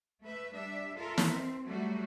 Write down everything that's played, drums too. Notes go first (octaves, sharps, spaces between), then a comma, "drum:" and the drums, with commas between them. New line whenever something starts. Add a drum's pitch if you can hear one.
A3 B4 E5
G3 D4 E5
F4 A4 A#4 E5
drum: snare
C4
F#3 G3 A3 F#4